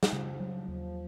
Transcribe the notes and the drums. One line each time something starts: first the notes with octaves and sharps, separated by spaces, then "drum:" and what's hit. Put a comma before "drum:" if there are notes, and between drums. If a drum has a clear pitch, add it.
drum: snare
C#3 F3
F#3
D#2